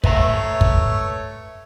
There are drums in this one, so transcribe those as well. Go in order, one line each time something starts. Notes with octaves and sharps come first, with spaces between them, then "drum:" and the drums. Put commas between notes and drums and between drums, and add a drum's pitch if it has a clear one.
A3 B4 C#5 E5 A#5, drum: kick
drum: kick